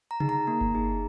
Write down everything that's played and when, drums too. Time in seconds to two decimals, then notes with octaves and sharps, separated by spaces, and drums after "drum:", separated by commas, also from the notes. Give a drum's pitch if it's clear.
0.11 A#5
0.20 D#4 G#4, drum: tom C3
0.29 A#5
0.47 A#3
0.61 drum: kick G1
0.75 D#4 G#4